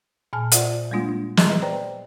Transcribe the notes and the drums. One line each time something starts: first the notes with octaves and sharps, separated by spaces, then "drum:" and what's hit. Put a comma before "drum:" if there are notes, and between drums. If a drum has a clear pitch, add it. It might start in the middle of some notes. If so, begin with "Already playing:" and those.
A#2 G#5 A5 F6
F4 C5 D5 E5 F#5, drum: hi-hat
G3 G#3 A#3 D4 F4
D4
G#4 D#5 E5 A#5 D6 F#6, drum: snare
B4 C5 D5 G5 A#5